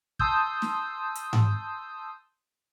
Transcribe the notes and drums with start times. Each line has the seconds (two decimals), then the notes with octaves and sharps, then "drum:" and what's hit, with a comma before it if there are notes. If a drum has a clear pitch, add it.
0.19 A5 C6 D#6 E6 G6, drum: kick
0.62 drum: snare
1.15 drum: hi-hat
1.33 drum: tom G#2